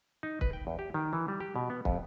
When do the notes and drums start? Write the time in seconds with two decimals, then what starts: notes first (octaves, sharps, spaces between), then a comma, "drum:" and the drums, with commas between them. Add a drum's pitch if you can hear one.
0.23 D#4
0.41 B4, drum: kick
0.53 G5
0.67 E2
0.79 G4
0.94 D#3
1.13 E3
1.28 G3
1.40 G4
1.56 B2
1.70 B3
1.85 F2, drum: kick